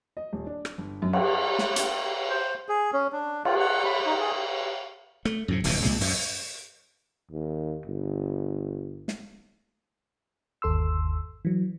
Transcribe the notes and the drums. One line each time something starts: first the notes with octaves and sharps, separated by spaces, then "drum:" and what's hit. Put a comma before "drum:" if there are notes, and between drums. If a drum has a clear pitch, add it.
D#5
D#1
D4
drum: rim click
G1
F#2
drum: cymbal
drum: snare
drum: hi-hat
C5
G#4
C#4
D4
F4, drum: cymbal
F#5
B5
D#4
G#4
A3, drum: rim click
F#2 A2 C3
D1 A#1 E2 B2, drum: open hi-hat
C2 A#2 G#3
F#2, drum: open hi-hat
D#2
G1
drum: snare
G1 D#2 A4 C6 E6
E3 F#3